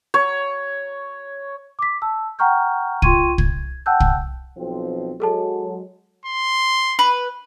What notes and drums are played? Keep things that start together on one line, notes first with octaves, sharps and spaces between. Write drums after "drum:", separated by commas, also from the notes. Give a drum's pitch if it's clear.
C#5
D6 B6
A5 E6
F#5 G5 A#5 C#6 F6 G6
F4 G5 C6 C#6 G#6 D#7, drum: kick
G#6, drum: kick
F#5 G5 A5 E6 F#6 G6
drum: kick
B1 F3 C4
F#3 G#3 G#4 A4 A5
C6
B4